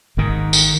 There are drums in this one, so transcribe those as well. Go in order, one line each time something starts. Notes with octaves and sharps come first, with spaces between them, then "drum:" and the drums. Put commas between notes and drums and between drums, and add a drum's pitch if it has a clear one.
G#1 G#2 D#3
drum: tambourine